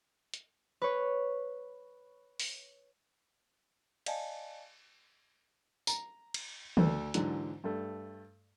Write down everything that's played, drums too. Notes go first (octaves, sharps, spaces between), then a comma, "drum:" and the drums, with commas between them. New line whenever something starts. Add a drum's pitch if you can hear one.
drum: hi-hat
B4 C#5
drum: open hi-hat
D5 D#5 F5 G#5 A5, drum: cymbal
A#5, drum: tambourine
drum: cymbal
D2 A4, drum: tom
G#2 D3 E3 F#3, drum: hi-hat
G2 A3